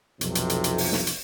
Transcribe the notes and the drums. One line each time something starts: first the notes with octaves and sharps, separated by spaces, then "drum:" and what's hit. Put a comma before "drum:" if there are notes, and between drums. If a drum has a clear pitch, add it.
B1 F2 C3, drum: hi-hat
drum: hi-hat
drum: hi-hat
drum: hi-hat
drum: open hi-hat
drum: snare
drum: hi-hat